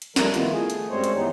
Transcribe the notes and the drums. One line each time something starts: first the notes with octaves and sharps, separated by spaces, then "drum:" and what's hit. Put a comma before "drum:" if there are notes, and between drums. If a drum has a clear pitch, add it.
drum: hi-hat
F3 G3 A3 A#4, drum: snare
D#3 E3 B3 F4, drum: hi-hat
A3 G#4
drum: hi-hat
F#2 G3 G#3 C4 C5 C#5
drum: hi-hat
E3 B3 D#4